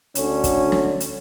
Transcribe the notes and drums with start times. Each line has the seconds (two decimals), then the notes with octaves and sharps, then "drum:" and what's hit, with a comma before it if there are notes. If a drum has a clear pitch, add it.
0.15 D2 D3 C#4, drum: hi-hat
0.44 drum: kick, hi-hat
0.72 drum: snare
1.00 drum: hi-hat